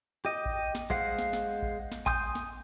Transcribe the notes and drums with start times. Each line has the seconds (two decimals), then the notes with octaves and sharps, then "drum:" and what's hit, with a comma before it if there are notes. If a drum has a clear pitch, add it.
0.25 G4 D#5
0.46 drum: kick A1
0.75 drum: snare
0.90 G#3 C5 F5 F#5, drum: kick A1
1.19 drum: snare
1.33 drum: snare
1.62 drum: kick A1
1.92 drum: snare
2.06 G#5 C6 D#6 G6, drum: kick A1
2.35 drum: snare